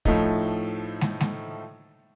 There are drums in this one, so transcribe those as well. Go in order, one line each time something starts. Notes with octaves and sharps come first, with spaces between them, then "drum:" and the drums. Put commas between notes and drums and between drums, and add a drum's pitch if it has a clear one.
A2 F3 A3 D#4, drum: kick
drum: snare
drum: snare